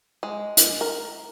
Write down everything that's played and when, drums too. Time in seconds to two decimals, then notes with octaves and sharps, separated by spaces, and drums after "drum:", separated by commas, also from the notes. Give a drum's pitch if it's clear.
0.23 G#3
0.57 drum: hi-hat
0.81 A#4